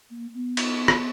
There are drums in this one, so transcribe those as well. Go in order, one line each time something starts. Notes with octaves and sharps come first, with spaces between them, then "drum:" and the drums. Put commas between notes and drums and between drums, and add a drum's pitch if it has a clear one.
A#3
B3
drum: cymbal
drum: rim click